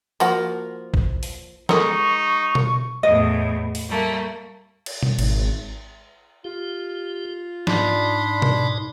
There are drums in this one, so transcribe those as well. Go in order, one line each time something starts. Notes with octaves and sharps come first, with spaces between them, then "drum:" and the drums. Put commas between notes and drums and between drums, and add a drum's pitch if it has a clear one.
F3 A#3 F#4 A#4 F#5, drum: tambourine
drum: kick A1
drum: open hi-hat
G#3 D#4 A4 A#4 D#5 C#6, drum: snare
drum: tom B2
E2 A2 D#5
drum: open hi-hat
G3 A3 A#3
drum: cymbal
drum: tom B2
G#1, drum: cymbal
F4 G4
G#2 D4 D#4 D5 B5 C6, drum: snare
drum: tom B2